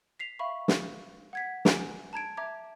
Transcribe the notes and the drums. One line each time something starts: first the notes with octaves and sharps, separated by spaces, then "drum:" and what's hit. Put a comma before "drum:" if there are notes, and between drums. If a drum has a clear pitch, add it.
B6 C7 F7
E5 F5 B5 C#6
drum: snare
F#5 G#6 B6
G#5 A#5 D7, drum: snare
A5 A#5 G#6 D7
E5 A#5 D6 G#6